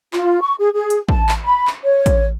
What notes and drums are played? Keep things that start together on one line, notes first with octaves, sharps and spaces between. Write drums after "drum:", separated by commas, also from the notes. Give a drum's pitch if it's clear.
F4, drum: clap
C#6
G#4
G#4
drum: hi-hat
A5, drum: kick
drum: clap
B5
drum: clap
C#5
drum: kick, hi-hat